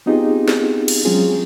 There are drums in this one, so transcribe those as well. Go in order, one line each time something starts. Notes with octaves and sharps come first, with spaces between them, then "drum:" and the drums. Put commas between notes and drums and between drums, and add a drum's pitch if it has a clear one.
B3 C4 D#4 F4 G4 G#4
drum: snare
drum: cymbal
F#3 G#3 C4 C#4 F4 G#4